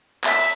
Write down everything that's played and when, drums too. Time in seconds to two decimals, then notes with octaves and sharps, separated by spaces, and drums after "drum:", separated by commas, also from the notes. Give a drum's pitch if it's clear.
0.24 E5, drum: clap
0.39 drum: open hi-hat